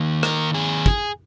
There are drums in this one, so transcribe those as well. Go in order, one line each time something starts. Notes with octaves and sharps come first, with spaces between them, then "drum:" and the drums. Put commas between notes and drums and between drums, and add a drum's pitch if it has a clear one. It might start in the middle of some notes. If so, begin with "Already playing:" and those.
Already playing: D#3 A#3 D#4
A#4, drum: rim click
G#4
drum: kick